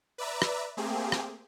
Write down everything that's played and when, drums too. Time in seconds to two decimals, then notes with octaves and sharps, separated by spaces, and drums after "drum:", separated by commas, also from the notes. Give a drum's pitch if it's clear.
0.18 B4 D5 E5 A#5
0.42 drum: rim click
0.77 A3 A#3 C4 G4 G#4
1.12 drum: rim click